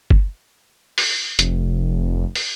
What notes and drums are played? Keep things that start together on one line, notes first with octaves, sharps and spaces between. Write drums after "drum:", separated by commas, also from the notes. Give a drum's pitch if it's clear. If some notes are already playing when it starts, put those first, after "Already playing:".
drum: kick
drum: open hi-hat
F1, drum: hi-hat
drum: open hi-hat